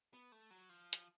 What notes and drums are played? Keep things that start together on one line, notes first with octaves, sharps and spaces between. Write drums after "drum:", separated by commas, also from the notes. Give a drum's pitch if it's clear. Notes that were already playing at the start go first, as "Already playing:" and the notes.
B3
A3
F#3
F3
drum: hi-hat